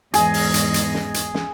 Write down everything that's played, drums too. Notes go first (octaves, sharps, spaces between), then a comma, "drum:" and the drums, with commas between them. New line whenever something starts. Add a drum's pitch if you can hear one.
E2 G#2 G#4 D#5, drum: hi-hat
drum: open hi-hat
drum: hi-hat
drum: hi-hat
drum: snare
drum: hi-hat
drum: snare